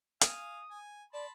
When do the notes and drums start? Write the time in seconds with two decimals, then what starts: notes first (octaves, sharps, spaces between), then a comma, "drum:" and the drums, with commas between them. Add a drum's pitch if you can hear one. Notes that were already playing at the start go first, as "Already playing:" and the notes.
0.21 F5 G#5 D#6, drum: hi-hat
0.70 G#5
1.13 D5 A5 B5 C6